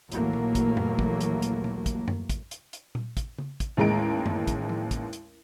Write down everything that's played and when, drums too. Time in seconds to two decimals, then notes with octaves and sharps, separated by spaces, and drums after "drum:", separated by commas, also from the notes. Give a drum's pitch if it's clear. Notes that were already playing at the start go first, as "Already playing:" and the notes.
0.12 A#1 D#2 E3 F#3 A3 A#3, drum: hi-hat
0.33 drum: tom A#2
0.55 drum: kick, hi-hat
0.77 drum: tom F#2
0.99 drum: kick
1.21 drum: hi-hat
1.42 drum: hi-hat
1.64 drum: tom A#2
1.86 drum: kick, hi-hat
2.08 drum: tom F#2
2.30 drum: kick, hi-hat
2.51 drum: hi-hat
2.73 drum: hi-hat
2.95 drum: tom A#2
3.17 drum: kick, hi-hat
3.38 drum: tom C#3
3.60 drum: kick, hi-hat
3.77 A1 D#2 G#3 A#5 D7
4.26 drum: tom F#2
4.47 drum: kick, hi-hat
4.69 drum: tom
4.91 drum: kick, hi-hat
5.13 drum: hi-hat